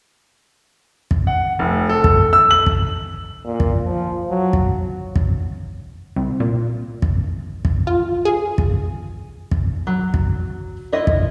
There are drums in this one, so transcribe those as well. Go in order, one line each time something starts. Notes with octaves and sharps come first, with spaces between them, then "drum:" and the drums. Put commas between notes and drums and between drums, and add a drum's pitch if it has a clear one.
drum: kick
F#5
F1
A4
drum: kick
E6
F#7
drum: kick
A#2
drum: kick
F3
F#3
drum: kick
drum: kick
C2
A#2
drum: kick
drum: kick
F4
G#4
drum: kick
drum: kick
F#3
drum: kick
E4 F4 D#5 E5
drum: kick